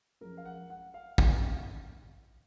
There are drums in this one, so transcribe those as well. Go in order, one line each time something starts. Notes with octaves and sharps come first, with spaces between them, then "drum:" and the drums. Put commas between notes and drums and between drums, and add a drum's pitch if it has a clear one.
F#2 F3 G#3 A#4
F5
F#5
F#5
F5
F#2 C#3 G#3 G#5, drum: kick
F#5
F5